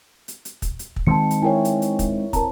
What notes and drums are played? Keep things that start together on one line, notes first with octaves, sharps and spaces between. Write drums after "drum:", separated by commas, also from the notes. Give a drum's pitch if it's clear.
drum: hi-hat
drum: hi-hat
drum: kick, hi-hat
drum: hi-hat
drum: kick
D#3 G#3 C4 A5 C#7
drum: hi-hat
E4 A#4 C#5 G5 G#5
drum: hi-hat
drum: hi-hat
drum: kick, hi-hat
C4 A#4 A5 A#5, drum: kick, hi-hat